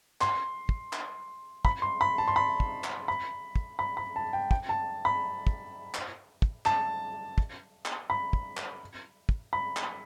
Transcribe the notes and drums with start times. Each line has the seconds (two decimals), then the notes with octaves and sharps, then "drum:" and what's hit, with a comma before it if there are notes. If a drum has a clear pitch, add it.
0.21 C6, drum: clap
0.69 drum: kick
0.93 drum: clap
1.65 B5, drum: kick
1.82 C6
2.01 B5
2.18 A5
2.28 C6
2.36 B5
2.60 drum: kick
2.84 drum: clap
3.08 B5
3.56 drum: kick
3.79 B5
3.97 B5
4.16 A5
4.33 G5
4.51 G5, drum: kick
4.69 A5
5.05 B5
5.47 drum: kick
5.94 drum: clap
6.42 drum: kick
6.66 A5, drum: clap
7.38 drum: kick
7.85 drum: clap
8.10 B5
8.33 drum: kick
8.57 drum: clap
9.29 drum: kick
9.53 B5
9.77 drum: clap